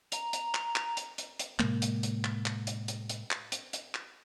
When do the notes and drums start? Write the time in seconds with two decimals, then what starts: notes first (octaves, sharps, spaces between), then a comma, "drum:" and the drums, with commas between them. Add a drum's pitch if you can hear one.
0.12 A#5, drum: hi-hat
0.33 drum: hi-hat
0.54 drum: clap
0.76 drum: clap
0.97 drum: hi-hat
1.18 drum: hi-hat
1.39 drum: hi-hat
1.59 A2 C3 G#3 A#3, drum: clap
1.82 drum: hi-hat
2.03 drum: hi-hat
2.24 drum: clap
2.46 drum: clap
2.67 drum: hi-hat
2.88 drum: hi-hat
3.10 drum: hi-hat
3.31 drum: clap
3.52 drum: hi-hat
3.73 drum: hi-hat
3.95 drum: clap